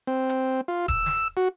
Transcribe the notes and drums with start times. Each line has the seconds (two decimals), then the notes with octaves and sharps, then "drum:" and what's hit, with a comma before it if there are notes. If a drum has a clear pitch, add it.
0.07 C4
0.29 drum: hi-hat
0.68 F4
0.88 E6, drum: kick D#1, hi-hat
1.06 drum: snare
1.37 F#4